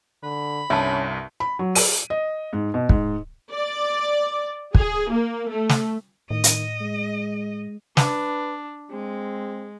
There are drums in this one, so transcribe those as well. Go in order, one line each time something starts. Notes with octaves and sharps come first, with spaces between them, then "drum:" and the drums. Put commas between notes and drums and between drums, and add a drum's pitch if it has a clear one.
D3 B5
C2 G2 C#4 E5 A5
B5
F#3
D#7, drum: open hi-hat
D#5
G#2
B2
G#2, drum: kick
D5
G#4, drum: kick
A#3
A3
drum: snare
A2 D#3 D#5
drum: hi-hat
G#3
D4 B4, drum: snare
G#3 C4